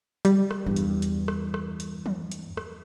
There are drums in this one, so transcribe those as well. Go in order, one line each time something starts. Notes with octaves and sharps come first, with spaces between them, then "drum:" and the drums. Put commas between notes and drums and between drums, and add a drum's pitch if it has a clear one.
G3, drum: hi-hat
drum: rim click
E2 G2
drum: hi-hat
drum: hi-hat
drum: rim click
drum: rim click
drum: hi-hat
drum: tom
drum: hi-hat
drum: rim click